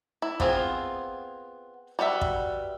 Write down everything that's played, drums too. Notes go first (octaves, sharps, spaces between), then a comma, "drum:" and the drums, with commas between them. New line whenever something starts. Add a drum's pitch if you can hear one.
E4
B3 C4 F4 G#4, drum: kick
G3 F#4 B4 E5
drum: kick